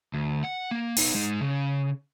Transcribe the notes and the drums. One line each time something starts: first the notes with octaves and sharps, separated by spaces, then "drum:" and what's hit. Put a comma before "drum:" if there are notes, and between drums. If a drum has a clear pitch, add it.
D2
F#5
A#3
B3 D#4, drum: open hi-hat
G#3 D#4
C#3